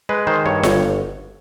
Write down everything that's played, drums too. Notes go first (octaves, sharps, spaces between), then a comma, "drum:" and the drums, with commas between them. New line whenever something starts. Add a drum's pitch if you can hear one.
G#3 B4
D#3 C5
G2 C#5
G1 C#5, drum: snare F4